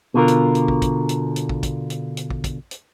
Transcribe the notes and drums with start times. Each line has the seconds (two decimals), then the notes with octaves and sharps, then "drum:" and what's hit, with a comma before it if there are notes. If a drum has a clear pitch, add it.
0.14 B2 D3 F4 A#4
0.28 drum: hi-hat
0.55 drum: hi-hat
0.68 drum: kick
0.82 drum: kick, hi-hat
1.09 drum: hi-hat
1.36 drum: hi-hat
1.49 drum: kick
1.63 drum: kick, hi-hat
1.90 drum: hi-hat
2.17 drum: hi-hat
2.30 drum: kick
2.44 drum: kick, hi-hat
2.71 drum: hi-hat